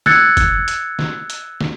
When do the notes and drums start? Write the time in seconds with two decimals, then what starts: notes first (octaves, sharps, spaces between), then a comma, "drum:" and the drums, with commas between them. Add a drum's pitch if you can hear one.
0.06 E6 F#6 G#6 A6 C#7, drum: snare
0.37 drum: kick, hi-hat
0.68 drum: hi-hat
0.99 drum: snare
1.30 drum: hi-hat
1.61 drum: snare